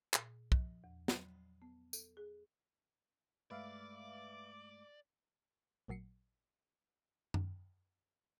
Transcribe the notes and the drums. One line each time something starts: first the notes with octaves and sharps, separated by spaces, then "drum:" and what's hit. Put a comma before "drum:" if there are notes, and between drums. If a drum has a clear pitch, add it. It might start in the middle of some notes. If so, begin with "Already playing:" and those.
A#2, drum: clap
F3, drum: kick
E2
F#3, drum: snare
B3
A4, drum: tambourine
G#4
G2 G#3 A3 B4 D5 E5 F5 D6
A1 A#2 F#3 C7 C#7
drum: tom F#2